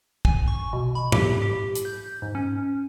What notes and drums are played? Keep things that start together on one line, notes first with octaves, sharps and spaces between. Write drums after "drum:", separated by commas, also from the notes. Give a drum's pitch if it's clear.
G#5, drum: kick
C#6
B2
B5
G4, drum: tom G#2
G4
drum: hi-hat
G6
G#2
C#4